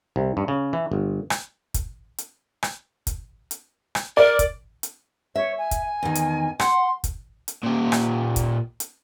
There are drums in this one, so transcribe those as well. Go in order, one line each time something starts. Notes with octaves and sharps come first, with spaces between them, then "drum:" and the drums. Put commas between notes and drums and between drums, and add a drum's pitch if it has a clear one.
C2
G2
C#3
E3
G1
drum: rim click
drum: kick, hi-hat
drum: hi-hat
drum: rim click
drum: kick, hi-hat
drum: hi-hat
drum: rim click
A#4 D5
drum: kick, hi-hat
drum: hi-hat
C#5 E5
G#5
drum: kick, hi-hat
E2 D#3
drum: hi-hat
F#5 C6, drum: rim click
drum: kick, hi-hat
drum: hi-hat
A#2 G4
drum: rim click
drum: kick, hi-hat
drum: hi-hat